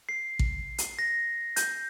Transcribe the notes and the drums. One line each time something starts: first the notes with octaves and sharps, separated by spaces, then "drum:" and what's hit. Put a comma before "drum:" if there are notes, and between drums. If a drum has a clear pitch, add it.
C7
drum: kick
drum: hi-hat
A#6
G6, drum: hi-hat